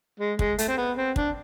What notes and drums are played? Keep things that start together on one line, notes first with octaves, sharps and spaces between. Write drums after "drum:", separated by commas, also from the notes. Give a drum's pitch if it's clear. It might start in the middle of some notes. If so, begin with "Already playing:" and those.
G#3
G#3, drum: kick
A3, drum: hi-hat
C4
B3
C4
D4, drum: kick